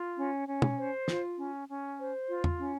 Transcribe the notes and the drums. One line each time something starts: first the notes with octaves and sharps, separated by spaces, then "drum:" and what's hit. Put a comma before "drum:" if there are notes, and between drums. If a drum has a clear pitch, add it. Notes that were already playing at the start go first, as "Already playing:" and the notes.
Already playing: F4
C#4
C#4
drum: tom
C5
F4, drum: snare
C#4
C#4
C5
F4
drum: tom
C#4